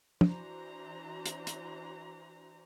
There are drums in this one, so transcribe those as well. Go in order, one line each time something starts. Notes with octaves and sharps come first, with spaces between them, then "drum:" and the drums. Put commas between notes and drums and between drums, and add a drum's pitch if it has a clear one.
E3 D4 F#4 C5 A#5, drum: tom
drum: hi-hat
drum: hi-hat